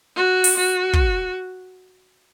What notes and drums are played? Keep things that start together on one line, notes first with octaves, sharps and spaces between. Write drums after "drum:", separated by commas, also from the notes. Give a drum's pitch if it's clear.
F#4
drum: open hi-hat
F#4
drum: kick